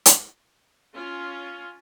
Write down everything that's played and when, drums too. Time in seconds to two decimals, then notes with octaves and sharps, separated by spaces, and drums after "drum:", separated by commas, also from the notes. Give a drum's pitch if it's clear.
0.06 drum: hi-hat
0.94 C#4 F4